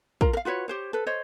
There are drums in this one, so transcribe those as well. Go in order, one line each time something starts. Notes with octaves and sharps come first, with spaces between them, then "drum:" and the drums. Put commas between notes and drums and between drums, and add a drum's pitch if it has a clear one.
F4 A#4 A#5, drum: kick
A#4 F5
F4 F#4 B4 C#5
G4 C5 C#5
A4 B4
C5 C#5 D#5